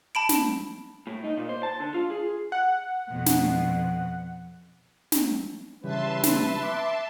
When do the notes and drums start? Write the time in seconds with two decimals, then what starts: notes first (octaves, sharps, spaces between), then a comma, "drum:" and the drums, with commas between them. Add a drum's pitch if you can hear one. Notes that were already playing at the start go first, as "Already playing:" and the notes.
0.15 A5 B5 D7
0.29 drum: snare
1.07 A2
1.24 D#4
1.37 A#2
1.49 C5
1.63 A5
1.80 D3
1.94 F4
2.10 G#4
2.52 F#5
3.09 F2 B2
3.26 drum: snare
5.12 drum: snare
5.84 C#3 E3 G3 B4 E5 A5 C6
6.24 drum: snare
6.63 D6